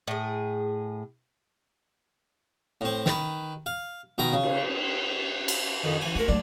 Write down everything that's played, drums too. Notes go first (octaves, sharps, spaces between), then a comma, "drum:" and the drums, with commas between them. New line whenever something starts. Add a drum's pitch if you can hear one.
A2 G#4
A2 C4
D#3 B4, drum: snare
F5
B2 D#3 A#5
C#3
drum: cymbal
drum: cymbal
F2 D#3
E3 G#5
A3 F#4 A#4
F#3 A3 D4